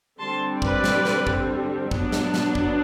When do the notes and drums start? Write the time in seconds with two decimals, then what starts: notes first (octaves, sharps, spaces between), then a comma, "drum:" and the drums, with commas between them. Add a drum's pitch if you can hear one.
0.19 D3 G3 C4 A5 C6
0.62 B4 D5, drum: kick
0.84 drum: snare
1.05 drum: snare
1.27 drum: kick
1.91 F#3 B3 D4, drum: kick
2.12 drum: snare
2.34 drum: snare
2.55 drum: kick